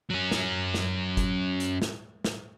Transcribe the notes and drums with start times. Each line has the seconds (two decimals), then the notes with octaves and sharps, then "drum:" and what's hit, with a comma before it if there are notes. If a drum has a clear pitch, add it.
0.10 F#3 C#4
0.31 drum: snare
0.74 drum: snare
1.17 drum: kick, hi-hat
1.60 drum: hi-hat
1.82 drum: snare
2.25 drum: snare